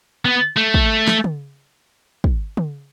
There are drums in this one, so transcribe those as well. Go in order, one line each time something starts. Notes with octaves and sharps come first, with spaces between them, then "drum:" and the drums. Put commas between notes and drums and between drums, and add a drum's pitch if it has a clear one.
B3
A3
drum: kick
drum: snare
drum: tom
drum: kick
drum: tom